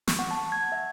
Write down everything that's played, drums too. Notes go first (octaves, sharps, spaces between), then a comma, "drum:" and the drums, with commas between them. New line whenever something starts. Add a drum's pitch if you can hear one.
C#6, drum: snare
F#5
A5
G#6
E5